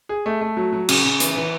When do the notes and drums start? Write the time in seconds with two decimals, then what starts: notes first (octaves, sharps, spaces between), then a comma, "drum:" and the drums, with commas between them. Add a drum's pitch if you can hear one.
0.09 G#4
0.26 A3
0.41 A3
0.57 F#3
0.73 F#3
0.89 C#3, drum: cymbal
1.05 C#3
1.20 E3, drum: hi-hat
1.36 E3